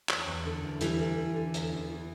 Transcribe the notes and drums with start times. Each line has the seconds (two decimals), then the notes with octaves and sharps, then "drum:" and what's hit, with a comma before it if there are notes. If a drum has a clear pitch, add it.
0.09 E2, drum: clap
0.27 E2
0.46 D3
0.63 E2
0.81 E2 E3 G3, drum: hi-hat
0.99 D3
1.18 D3
1.36 D3
1.54 E2, drum: hi-hat
1.73 E2
1.90 E3